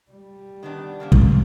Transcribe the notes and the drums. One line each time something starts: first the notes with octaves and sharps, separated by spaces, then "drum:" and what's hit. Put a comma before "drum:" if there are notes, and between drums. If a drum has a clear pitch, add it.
G3
D#3 B3 D4
C#3 A#3 C4
drum: kick